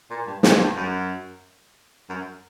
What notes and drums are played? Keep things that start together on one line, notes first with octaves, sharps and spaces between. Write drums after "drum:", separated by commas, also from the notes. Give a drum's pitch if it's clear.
A#2
G2
B2, drum: snare
G2
F#2
F#2